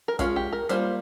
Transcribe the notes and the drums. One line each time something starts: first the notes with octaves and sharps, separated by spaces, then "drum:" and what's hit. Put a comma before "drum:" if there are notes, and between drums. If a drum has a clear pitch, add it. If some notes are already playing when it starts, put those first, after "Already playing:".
A#4
G#3 C#4 F4 G#4, drum: kick, hi-hat
G4
A#4
G3 A#3 F4 C5, drum: hi-hat